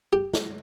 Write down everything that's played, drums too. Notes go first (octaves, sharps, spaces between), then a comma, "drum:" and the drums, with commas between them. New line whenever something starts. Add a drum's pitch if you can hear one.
G4
drum: snare